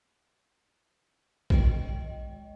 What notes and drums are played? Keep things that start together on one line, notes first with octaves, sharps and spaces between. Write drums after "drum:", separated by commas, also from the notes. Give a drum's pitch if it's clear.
G#3 D#5 G5, drum: kick